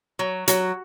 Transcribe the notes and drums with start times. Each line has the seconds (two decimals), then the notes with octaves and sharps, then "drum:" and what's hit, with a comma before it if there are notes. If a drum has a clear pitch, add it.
0.19 F#3
0.48 F#3, drum: hi-hat